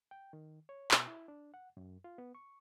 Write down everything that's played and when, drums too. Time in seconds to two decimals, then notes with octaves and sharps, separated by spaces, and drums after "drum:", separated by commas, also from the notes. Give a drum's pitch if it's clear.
0.11 G5
0.33 D#3
0.69 C#5
0.91 B2, drum: clap
1.07 E4
1.28 D4
1.54 F#5
1.77 F#2
2.04 F4
2.18 B3
2.35 C#6